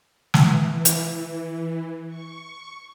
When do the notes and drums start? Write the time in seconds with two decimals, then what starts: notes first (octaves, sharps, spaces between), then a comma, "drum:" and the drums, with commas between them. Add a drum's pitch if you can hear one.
0.34 E3, drum: snare
0.85 drum: hi-hat
2.07 C#6